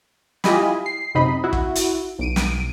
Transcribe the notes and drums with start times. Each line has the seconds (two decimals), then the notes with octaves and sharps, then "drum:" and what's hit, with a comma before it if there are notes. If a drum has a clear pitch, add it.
0.44 E4 F4 G4 D#5 G#5 B5, drum: snare
0.86 C7
1.15 F#2 C3 D#4 D#5 B5
1.44 E4 F#4
1.53 drum: kick
1.75 drum: hi-hat
2.19 B1 D7 D#7
2.36 drum: snare